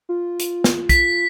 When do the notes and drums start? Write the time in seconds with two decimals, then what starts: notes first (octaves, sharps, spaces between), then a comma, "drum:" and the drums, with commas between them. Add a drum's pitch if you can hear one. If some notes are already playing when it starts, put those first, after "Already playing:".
0.09 F4
0.39 drum: hi-hat
0.64 drum: snare
0.89 B6, drum: kick, hi-hat